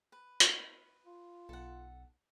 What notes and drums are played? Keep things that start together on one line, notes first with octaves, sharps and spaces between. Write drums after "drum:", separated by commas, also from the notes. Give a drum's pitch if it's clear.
B4
drum: hi-hat
F4
B1 A4 F#5